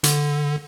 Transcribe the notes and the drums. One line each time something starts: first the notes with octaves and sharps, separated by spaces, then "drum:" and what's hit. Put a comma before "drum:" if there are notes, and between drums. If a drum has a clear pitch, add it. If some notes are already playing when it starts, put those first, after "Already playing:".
D3, drum: hi-hat